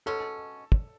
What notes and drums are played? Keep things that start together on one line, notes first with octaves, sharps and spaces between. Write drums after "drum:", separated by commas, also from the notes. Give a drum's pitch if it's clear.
B2 G#3 C#4 A4
drum: kick